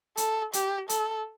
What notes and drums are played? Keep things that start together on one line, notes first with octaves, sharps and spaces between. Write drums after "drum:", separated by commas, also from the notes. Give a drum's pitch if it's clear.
A4, drum: hi-hat
G4, drum: hi-hat
A4, drum: hi-hat